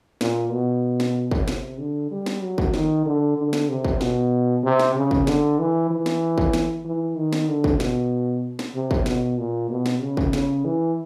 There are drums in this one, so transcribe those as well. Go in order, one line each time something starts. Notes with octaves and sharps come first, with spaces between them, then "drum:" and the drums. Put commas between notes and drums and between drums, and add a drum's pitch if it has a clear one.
A#2, drum: snare
B2
drum: snare
drum: kick
C3, drum: snare
D3
G3
drum: snare
F#3
drum: kick
D#3, drum: snare
D3
D3
drum: snare
C3
drum: kick
B2, drum: snare
C3
drum: snare
C#3
drum: kick
D3, drum: snare
E3
E3
drum: snare
drum: kick
drum: snare
E3
D#3
drum: snare
D3
drum: kick
B2, drum: snare
drum: snare
C3
drum: kick
B2, drum: snare
A#2
B2
drum: snare
C#3
drum: kick
C#3, drum: snare
E3